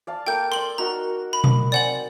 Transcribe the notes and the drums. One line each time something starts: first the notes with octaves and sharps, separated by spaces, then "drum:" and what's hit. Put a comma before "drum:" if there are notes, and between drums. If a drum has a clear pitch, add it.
D5 F5 A5
A#3 A4 F5 G5 G6
D5 C6 D6 F#7
D#4 F#4 A#4 A#5
B5
drum: tom B2
C4 D5 F#5 G#5 F#7